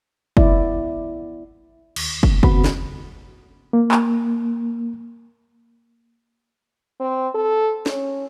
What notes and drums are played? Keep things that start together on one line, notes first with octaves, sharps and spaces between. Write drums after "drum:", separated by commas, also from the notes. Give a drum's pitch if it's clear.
B3 E4 D5, drum: kick
D#2, drum: cymbal
drum: kick
D#2 C#3 B3 C4 F#4 B5, drum: kick
drum: snare
A#3
drum: clap
C4
A4
C#4, drum: snare